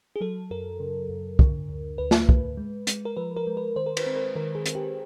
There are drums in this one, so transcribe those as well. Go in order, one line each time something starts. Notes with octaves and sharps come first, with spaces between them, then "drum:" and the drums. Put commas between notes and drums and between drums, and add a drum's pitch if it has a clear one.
G#4
F#3 A4
F#2 A#4
C#3
F#2
D3, drum: kick
D2
D2 B4
drum: snare
D2, drum: kick
G#3
G#3, drum: hi-hat
A#4
F3 B4
A#4
G#3
B4
D#3 C5
A#4
B4, drum: cymbal
C4
A#4
D#3 A#4
G#4
C4, drum: hi-hat
G4